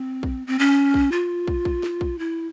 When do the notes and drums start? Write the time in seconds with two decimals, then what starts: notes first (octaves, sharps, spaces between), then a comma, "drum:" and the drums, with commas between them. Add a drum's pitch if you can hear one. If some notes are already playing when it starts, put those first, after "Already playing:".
Already playing: C4
0.23 drum: kick
0.47 C4
0.59 C#4
0.94 drum: kick
1.12 F4
1.47 drum: kick
1.65 drum: kick
1.83 drum: snare
2.01 drum: kick
2.19 E4